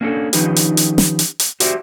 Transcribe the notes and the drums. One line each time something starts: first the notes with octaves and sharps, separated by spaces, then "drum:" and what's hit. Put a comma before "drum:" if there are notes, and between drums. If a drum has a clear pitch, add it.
A#3 C#4 D4 E4 A4
D#3 F3 C#4 D#4 G4 B4, drum: hi-hat
drum: hi-hat
drum: hi-hat
drum: snare
drum: hi-hat
drum: hi-hat
F#4 G4 C5 D5 E5, drum: hi-hat